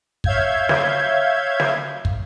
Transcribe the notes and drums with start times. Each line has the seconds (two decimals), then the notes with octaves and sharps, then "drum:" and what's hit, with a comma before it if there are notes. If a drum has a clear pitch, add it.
0.24 C#5 E5 F5 G6 G#6, drum: kick
0.69 drum: snare
1.60 drum: snare
2.05 drum: kick